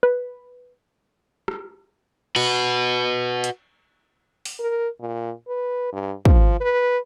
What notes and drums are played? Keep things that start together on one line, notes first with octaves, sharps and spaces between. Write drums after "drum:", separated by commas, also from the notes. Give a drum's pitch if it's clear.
B4
drum: rim click
F#4 B4, drum: cymbal
drum: hi-hat
drum: open hi-hat
A#4
A#2
B4
G2
F3, drum: kick
B4